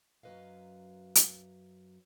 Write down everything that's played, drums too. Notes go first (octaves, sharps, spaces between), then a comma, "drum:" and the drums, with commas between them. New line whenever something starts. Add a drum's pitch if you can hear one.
F#2 F#3 G4 B4 D#5 F5
drum: hi-hat